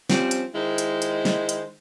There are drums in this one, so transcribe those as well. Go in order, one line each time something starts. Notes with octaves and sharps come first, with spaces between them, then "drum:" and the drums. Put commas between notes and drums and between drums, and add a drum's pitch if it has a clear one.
F3 G3 C4 C#4, drum: snare
drum: hi-hat
D#3 G#3 E4 C5
drum: hi-hat
drum: hi-hat
drum: snare
drum: hi-hat